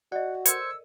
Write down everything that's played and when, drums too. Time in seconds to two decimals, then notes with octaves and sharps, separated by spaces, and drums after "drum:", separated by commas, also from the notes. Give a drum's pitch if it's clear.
0.12 F#4 D5 D#5 F#5
0.46 A4 A#4 C5 E6 G#6 C#7, drum: hi-hat